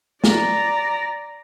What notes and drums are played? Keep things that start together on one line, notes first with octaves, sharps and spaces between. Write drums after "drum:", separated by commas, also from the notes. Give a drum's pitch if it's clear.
D5 A#5, drum: snare